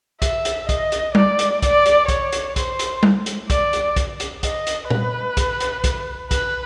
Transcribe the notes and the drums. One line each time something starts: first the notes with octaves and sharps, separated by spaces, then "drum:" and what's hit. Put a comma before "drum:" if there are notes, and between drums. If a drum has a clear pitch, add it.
E5, drum: kick, hi-hat
drum: hi-hat
D#5, drum: kick, hi-hat
drum: hi-hat
D5, drum: tom G3
drum: hi-hat
D5, drum: kick, hi-hat
drum: hi-hat
C#5, drum: kick, hi-hat
drum: hi-hat
C5, drum: kick, hi-hat
drum: hi-hat
drum: tom G3
drum: hi-hat
D5, drum: kick, hi-hat
drum: hi-hat
drum: kick, hi-hat
drum: hi-hat
D#5, drum: kick, hi-hat
drum: hi-hat
B4, drum: tom
drum: kick, hi-hat
drum: hi-hat
drum: kick, hi-hat
B4, drum: kick, hi-hat